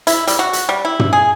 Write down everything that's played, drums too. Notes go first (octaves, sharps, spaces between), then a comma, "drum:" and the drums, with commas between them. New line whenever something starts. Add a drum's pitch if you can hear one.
E4, drum: hi-hat
G3, drum: hi-hat
F#4
drum: hi-hat
G3
E4
drum: tom
G#4